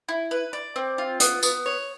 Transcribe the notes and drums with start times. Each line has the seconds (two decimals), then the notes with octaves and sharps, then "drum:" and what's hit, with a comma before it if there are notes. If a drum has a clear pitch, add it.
0.09 E4
0.31 B4
0.53 D5
0.76 C4
0.98 F4
1.20 B3, drum: hi-hat
1.43 B3, drum: tambourine
1.66 C#5